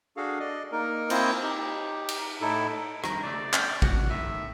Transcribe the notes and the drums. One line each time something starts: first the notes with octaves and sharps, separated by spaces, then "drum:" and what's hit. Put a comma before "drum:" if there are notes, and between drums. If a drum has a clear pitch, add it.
D4 F#4 G#4 A4 F5
D5 D#5
A#3 D#4 A#4
A#3 C4 E4 F4 C5 D#5, drum: cymbal
D#4 G4
drum: cymbal
A2 D#4 E4 A4
G2 D#3 A#5, drum: rim click
C#3 A3 D5
D3 G5, drum: clap
F#4 F#5, drum: kick A1
A2 D#3 E5